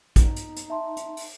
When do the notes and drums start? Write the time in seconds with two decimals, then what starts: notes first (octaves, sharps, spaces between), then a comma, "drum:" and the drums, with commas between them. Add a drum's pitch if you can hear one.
0.16 D#4, drum: kick, hi-hat
0.36 drum: hi-hat
0.56 drum: hi-hat
0.70 E5 A5 C6
0.97 drum: hi-hat
1.17 drum: open hi-hat